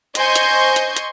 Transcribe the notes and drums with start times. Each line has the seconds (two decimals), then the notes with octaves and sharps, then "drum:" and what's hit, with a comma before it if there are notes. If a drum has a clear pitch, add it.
0.15 C5 D#5 G#5 C6 C#6 G6, drum: hi-hat
0.35 drum: hi-hat
0.76 drum: hi-hat
0.97 drum: hi-hat